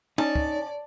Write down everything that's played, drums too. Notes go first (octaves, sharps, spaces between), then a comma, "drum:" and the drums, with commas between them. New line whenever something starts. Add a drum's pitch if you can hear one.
C#4 D#4 D5 A5
drum: kick